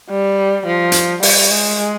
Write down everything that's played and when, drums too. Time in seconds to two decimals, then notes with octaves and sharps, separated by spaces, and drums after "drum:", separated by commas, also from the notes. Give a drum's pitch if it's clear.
0.10 G3
0.66 F3
0.92 drum: hi-hat
1.23 G3, drum: open hi-hat
1.51 G#3